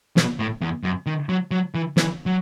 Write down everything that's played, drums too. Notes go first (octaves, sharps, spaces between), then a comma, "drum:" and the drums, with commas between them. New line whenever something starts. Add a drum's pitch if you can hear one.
B2, drum: snare
A2
E2
F#2
D#3
F#3
F#3
E3
E3, drum: snare
F#3